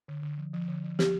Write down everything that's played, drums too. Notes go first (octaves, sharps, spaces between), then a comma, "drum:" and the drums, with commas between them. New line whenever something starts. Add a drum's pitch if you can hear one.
D3
D3
F3
F3
D3
F3
F3 G4, drum: snare